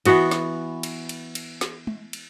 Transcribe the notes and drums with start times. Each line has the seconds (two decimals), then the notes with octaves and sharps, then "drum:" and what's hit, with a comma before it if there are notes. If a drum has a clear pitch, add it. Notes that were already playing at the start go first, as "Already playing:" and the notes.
0.05 E3 B3 F#4 D#5, drum: cymbal
0.31 drum: snare
0.83 drum: cymbal
1.09 drum: cymbal
1.35 drum: cymbal
1.61 drum: snare
1.87 drum: tom G#3
2.13 drum: cymbal